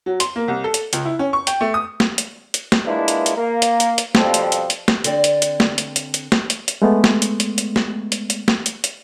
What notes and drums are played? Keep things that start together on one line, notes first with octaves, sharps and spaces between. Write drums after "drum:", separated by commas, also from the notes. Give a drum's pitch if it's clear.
F#3
C6, drum: hi-hat
A#3
C2
A4
drum: hi-hat
C#2, drum: hi-hat
E4
C#4
C#6
G5, drum: hi-hat
A3
D#6
drum: snare
drum: hi-hat
drum: hi-hat
drum: snare
G#3 A#3 D4 E4 F4 B4
drum: hi-hat
drum: hi-hat
A#3
drum: hi-hat
drum: hi-hat
drum: hi-hat
F2 B2 F3 G3 C4 A4, drum: snare
drum: hi-hat
drum: hi-hat
drum: hi-hat
drum: snare
D3 C4 D5, drum: hi-hat
drum: hi-hat
drum: hi-hat
drum: snare
drum: hi-hat
drum: hi-hat
drum: hi-hat
drum: snare
drum: hi-hat
drum: hi-hat
G#3 A3 B3
drum: snare
drum: hi-hat
drum: hi-hat
drum: hi-hat
drum: snare
drum: hi-hat
drum: hi-hat
drum: snare
drum: hi-hat
drum: hi-hat